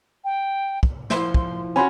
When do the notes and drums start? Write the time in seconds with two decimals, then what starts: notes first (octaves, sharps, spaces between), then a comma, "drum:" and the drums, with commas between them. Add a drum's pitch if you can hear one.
0.24 G5
0.83 drum: kick
1.10 F3 E4 C5 C6, drum: snare
1.34 drum: kick
1.76 C#4 F#4 G#5 B5 C6